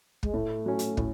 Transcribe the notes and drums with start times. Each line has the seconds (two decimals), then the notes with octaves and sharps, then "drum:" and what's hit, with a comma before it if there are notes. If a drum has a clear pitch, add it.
0.23 G#3, drum: kick
0.33 A2 A3
0.66 F#3 C#4
0.79 drum: hi-hat
0.97 A2, drum: kick